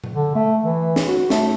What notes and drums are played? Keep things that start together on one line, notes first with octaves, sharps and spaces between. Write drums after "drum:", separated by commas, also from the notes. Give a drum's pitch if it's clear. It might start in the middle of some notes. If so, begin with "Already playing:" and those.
drum: tom A#2
D3
A3
E3
drum: snare
F#4
A3, drum: snare